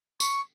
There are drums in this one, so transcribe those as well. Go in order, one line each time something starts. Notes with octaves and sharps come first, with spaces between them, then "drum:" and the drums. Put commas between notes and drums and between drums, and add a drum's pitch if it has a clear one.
C#6, drum: tambourine